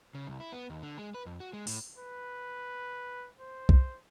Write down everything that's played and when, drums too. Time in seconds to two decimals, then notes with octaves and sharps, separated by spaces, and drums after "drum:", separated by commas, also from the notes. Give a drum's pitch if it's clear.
0.15 C#3
0.27 C2
0.40 E4
0.52 B3
0.70 D#2
0.83 D3
0.99 G#3
1.14 B4
1.26 F2
1.40 F#4
1.53 G#3
1.67 A2, drum: open hi-hat
1.98 B4
3.40 C5
3.69 drum: kick C2